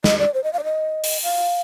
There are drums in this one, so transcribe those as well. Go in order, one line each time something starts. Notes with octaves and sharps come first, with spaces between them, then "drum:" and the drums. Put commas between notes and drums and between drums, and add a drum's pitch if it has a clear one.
D#5, drum: snare
D5
C5
D#5
F5
D5
D#5
drum: open hi-hat
F5